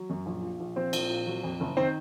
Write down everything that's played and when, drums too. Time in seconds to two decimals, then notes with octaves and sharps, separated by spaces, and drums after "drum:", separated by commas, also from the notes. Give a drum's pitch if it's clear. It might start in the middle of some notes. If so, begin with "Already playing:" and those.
Already playing: F#3
0.10 F#2
0.26 A#1
0.43 A#2
0.60 A#1
0.76 F3 C4 C5
0.93 A#1, drum: cymbal
1.10 A#2
1.27 F#3
1.43 F2
1.60 F#1
1.77 D#3 C4 C5